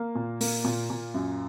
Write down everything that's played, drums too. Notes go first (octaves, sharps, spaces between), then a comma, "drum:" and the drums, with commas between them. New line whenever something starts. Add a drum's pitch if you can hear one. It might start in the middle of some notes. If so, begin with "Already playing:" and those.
Already playing: A#3
A#2
A#3, drum: open hi-hat
A#2
A#2
F#2